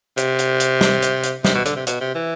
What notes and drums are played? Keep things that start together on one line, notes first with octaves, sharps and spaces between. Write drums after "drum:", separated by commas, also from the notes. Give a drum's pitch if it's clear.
C3, drum: hi-hat
drum: hi-hat
drum: hi-hat
drum: snare
drum: hi-hat
drum: hi-hat
C3, drum: snare
B2
D3, drum: hi-hat
C3
B2, drum: hi-hat
C3
E3